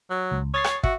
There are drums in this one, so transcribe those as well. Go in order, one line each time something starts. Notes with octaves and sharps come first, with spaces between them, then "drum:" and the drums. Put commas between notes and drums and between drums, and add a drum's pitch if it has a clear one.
F#3
C#2
C#5 D#6 A6 C7
drum: rim click
F#4 E5, drum: kick